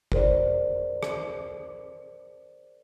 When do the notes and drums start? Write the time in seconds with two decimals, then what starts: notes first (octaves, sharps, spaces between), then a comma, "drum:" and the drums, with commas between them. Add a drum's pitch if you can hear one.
0.12 G#4 A#4 C5 D5, drum: kick G1
1.03 drum: rim click